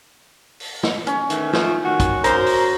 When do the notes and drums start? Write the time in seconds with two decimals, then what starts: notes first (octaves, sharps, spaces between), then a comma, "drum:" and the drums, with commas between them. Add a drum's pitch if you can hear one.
0.60 drum: open hi-hat
0.83 drum: snare
1.07 C#4, drum: hi-hat
1.30 D#3 E3 A3, drum: hi-hat
1.53 F3 A3, drum: snare
1.83 D#3 F#4
2.00 drum: kick, hi-hat
2.24 F#2 A#4 C5 A#5, drum: hi-hat
2.46 drum: open hi-hat